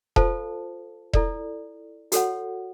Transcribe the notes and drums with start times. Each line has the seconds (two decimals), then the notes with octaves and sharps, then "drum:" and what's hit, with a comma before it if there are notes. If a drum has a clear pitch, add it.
0.16 F4 A4 C5 F5 A5, drum: kick E1
1.13 E4 A4 D5, drum: kick E1
2.12 F#4 A4 C#5 F#5, drum: hi-hat